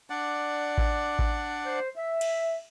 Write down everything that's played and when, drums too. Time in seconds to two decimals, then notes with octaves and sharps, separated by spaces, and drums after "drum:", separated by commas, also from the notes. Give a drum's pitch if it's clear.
0.10 D4 D5 F#5
0.78 drum: kick A1
1.19 drum: kick A1
1.65 C5
1.96 E5
2.21 drum: cymbal